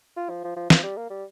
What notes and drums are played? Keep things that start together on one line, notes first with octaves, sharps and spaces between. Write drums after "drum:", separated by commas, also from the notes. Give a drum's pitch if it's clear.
F4
F3
F3
F3
F3, drum: snare
G3
A#3
G3